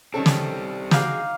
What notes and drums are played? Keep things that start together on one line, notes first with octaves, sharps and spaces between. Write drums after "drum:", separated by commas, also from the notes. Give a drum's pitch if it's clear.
D#3 G3 C4 C#4 A4
drum: snare
D#4 F#4 G#4 F5 D6, drum: snare